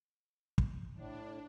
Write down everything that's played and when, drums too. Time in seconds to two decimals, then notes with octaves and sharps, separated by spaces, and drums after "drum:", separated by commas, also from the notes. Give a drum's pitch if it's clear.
0.58 drum: kick
0.94 A2 D4